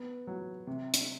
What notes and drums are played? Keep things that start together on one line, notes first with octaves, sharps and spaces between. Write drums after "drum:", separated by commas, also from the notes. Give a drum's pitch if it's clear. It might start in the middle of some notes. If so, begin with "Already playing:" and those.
Already playing: B3
F#3
C3
drum: hi-hat